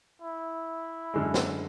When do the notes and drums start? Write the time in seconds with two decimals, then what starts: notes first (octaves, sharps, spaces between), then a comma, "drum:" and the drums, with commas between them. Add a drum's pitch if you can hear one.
0.22 E4
1.14 F#2 D3 G#3
1.34 drum: snare